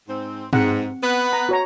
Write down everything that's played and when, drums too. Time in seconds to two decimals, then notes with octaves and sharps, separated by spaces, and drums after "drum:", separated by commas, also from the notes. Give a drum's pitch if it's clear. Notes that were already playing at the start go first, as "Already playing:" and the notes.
0.09 G#2 C4
0.53 G#2 C4 F#5, drum: tom
1.03 B3 B4
1.33 A#5
1.49 F#4 C#5 A#5